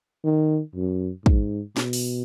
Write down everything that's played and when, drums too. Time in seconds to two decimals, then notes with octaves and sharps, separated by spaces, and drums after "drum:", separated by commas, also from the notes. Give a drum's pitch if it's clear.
0.24 D#3
0.75 F#2
1.26 G#2, drum: kick
1.77 B2, drum: snare
1.93 drum: open hi-hat